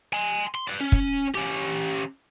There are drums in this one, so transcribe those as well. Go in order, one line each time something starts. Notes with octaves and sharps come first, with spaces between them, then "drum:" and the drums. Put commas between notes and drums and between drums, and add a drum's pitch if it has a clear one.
G#5 C6
C6
B4 D5
C#4
drum: kick
C#4 G4